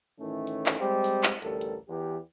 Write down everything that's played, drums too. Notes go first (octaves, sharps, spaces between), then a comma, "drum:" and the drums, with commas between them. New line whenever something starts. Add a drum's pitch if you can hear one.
A2 D#3 E3 A3 C#4
drum: hi-hat
drum: clap
G3 G#3 C4 G4 C5
drum: open hi-hat
drum: clap
A1 D2 G3 A4 A#4, drum: hi-hat
drum: hi-hat
E2 E3 G4